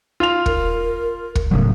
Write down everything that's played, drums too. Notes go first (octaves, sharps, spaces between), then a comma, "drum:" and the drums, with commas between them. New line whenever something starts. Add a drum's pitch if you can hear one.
F4 F7
A#4, drum: kick
drum: kick
A2 C#3 F#3